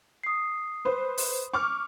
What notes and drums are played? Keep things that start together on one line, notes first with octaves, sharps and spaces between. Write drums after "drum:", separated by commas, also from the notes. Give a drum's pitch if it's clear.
D#6 C7
B4 C5
drum: open hi-hat
C#6 D6 F6